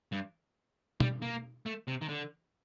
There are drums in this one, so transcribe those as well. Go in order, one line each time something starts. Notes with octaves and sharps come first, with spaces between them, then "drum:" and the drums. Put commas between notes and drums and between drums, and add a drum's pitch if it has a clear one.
G2
G3, drum: tom
A#3
A3
C3
D#3
D3